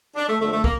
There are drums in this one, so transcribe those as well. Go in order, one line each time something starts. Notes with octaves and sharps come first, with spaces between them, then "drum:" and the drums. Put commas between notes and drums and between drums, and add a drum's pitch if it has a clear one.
D4
A3
F2 D3 F3 A3
A3
A#3, drum: kick